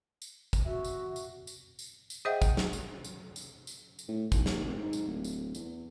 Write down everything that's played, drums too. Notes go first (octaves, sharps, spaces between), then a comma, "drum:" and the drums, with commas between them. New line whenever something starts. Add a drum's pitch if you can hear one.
drum: tambourine
drum: kick, tambourine
F#4 E5
drum: tambourine
drum: tambourine
drum: tambourine
drum: tambourine
drum: tambourine
G#4 C5 D#5 E5 F#5 G5
drum: kick, tambourine
drum: snare
drum: tambourine
drum: tambourine
drum: tambourine
drum: tambourine
drum: tambourine
A2
B1, drum: kick, tambourine
D#2, drum: snare
F1
G#2
drum: tambourine
D1
drum: tambourine
E2, drum: tambourine